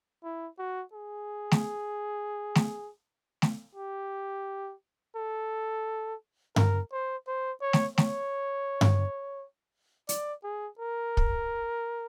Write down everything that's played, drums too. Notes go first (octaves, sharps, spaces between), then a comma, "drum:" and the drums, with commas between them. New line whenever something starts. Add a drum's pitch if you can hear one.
E4
F#4
G#4
drum: snare
drum: snare
drum: snare
G4
A4
A#4, drum: tom G2
C5
C5
C#5
drum: snare
C#5, drum: snare
drum: tom G2
D5, drum: hi-hat
G#4
A#4
drum: kick